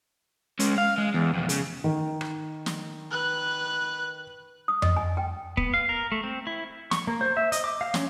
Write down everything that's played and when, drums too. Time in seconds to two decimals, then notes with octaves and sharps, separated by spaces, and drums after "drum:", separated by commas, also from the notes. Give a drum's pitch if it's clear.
0.60 G#3 C#4, drum: hi-hat
0.78 F5
0.98 G#3
1.14 E2
1.34 F2 B2
1.49 C#3, drum: hi-hat
1.84 D#3
2.21 drum: rim click
2.66 drum: snare
3.11 B4 F#6
4.68 D#6
4.82 D#5, drum: tom F2
4.97 G#5
5.17 G5
5.57 B3, drum: kick
5.74 F5
5.89 A#4
6.12 A3
6.24 C4
6.47 E4
6.91 C#6, drum: snare
7.07 A#3
7.21 C5
7.37 E5
7.52 D#5, drum: hi-hat
7.64 D6
7.81 F5
7.94 C#4, drum: snare